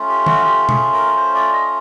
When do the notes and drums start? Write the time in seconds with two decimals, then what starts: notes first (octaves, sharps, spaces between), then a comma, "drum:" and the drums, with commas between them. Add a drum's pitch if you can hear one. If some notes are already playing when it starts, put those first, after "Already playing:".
Already playing: A3 C#4 F4
0.08 G4
0.26 F#4, drum: tom D#3
0.45 G4
0.69 G#4, drum: tom B2
0.93 A#4
1.17 C5
1.35 D5
1.53 D#5